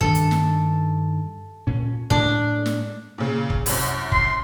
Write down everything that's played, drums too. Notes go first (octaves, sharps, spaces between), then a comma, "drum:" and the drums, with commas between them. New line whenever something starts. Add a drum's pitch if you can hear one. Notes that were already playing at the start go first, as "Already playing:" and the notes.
G2 D#3 D4 A4
drum: hi-hat
drum: snare
A#2 C#4
A2 G#3 D4
drum: snare
A#2 C#3
drum: kick
C2 F#2, drum: open hi-hat
C6, drum: kick